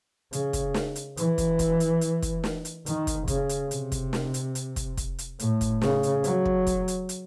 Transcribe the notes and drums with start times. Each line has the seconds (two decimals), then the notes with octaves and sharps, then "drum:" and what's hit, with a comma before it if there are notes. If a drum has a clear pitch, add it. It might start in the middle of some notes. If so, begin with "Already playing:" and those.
0.33 C#3, drum: hi-hat
0.53 drum: kick, hi-hat
0.74 drum: snare
0.96 drum: hi-hat
1.17 E3, drum: hi-hat
1.38 drum: kick, hi-hat
1.59 drum: kick, hi-hat
1.80 drum: hi-hat
2.01 drum: hi-hat
2.22 drum: kick, hi-hat
2.44 drum: snare
2.65 drum: hi-hat
2.86 D#3, drum: hi-hat
3.07 drum: kick, hi-hat
3.28 C#3, drum: kick, hi-hat
3.49 drum: hi-hat
3.71 C3, drum: hi-hat
3.92 drum: kick, hi-hat
4.13 drum: snare
4.34 drum: hi-hat
4.55 drum: hi-hat
4.76 drum: kick, hi-hat
4.97 drum: kick, hi-hat
5.19 drum: hi-hat
5.39 A2, drum: hi-hat
5.61 drum: kick, hi-hat
5.82 C#3, drum: snare
6.03 drum: hi-hat
6.24 F#3, drum: hi-hat
6.45 drum: kick
6.67 drum: kick, hi-hat
6.88 drum: hi-hat
7.09 drum: hi-hat